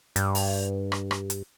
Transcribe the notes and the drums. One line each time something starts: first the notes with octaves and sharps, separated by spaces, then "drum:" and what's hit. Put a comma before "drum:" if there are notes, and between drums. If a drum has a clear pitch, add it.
G2, drum: hi-hat
drum: open hi-hat
drum: rim click
drum: rim click
drum: hi-hat